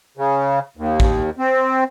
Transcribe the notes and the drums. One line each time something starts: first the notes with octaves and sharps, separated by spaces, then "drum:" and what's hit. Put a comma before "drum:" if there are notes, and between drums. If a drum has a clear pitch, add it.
C#3
D#2
drum: kick A1
C4